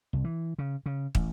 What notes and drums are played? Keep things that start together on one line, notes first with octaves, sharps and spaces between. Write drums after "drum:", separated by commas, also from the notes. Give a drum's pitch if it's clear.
C2
E3
C#3
C#3
A1, drum: kick